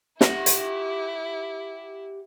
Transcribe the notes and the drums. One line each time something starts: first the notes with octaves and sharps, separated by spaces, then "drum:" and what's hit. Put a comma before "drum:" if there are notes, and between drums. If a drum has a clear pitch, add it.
E4 G4 F#5, drum: snare
drum: hi-hat